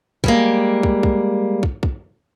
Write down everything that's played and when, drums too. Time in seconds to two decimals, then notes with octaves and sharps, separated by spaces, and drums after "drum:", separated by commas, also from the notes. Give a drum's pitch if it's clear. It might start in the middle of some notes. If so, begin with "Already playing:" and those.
0.24 G3 G#3 A#3, drum: kick
0.83 drum: kick
1.03 drum: kick
1.63 drum: kick
1.83 drum: kick